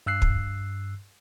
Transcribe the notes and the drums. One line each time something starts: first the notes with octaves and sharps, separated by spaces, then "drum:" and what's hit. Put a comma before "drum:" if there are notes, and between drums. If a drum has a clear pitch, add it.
G2 E6 F#6 C7
drum: kick